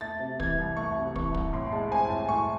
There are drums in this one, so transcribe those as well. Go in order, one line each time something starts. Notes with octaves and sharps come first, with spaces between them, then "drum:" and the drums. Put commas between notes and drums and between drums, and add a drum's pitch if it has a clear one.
A3 A6
C3
E3 G#6, drum: kick
C2
A3 C#6
C3
E3 C#6, drum: kick
C2, drum: kick
A2 C6
G#3 A5
C4 G#5
A2 A5
A2 C#6